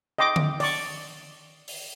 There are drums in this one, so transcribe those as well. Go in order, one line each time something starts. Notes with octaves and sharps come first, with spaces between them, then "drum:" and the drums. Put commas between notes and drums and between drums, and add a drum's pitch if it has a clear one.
D#5 G5 C6 D6
drum: tom D3
D5 C#6, drum: open hi-hat
drum: open hi-hat